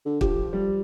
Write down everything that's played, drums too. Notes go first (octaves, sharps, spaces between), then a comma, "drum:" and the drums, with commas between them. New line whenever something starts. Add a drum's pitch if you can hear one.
D3
F3 G4, drum: kick
G3